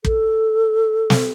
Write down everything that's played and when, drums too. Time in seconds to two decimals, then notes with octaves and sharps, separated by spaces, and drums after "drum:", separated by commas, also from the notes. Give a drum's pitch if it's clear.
0.05 A4, drum: kick
1.10 drum: snare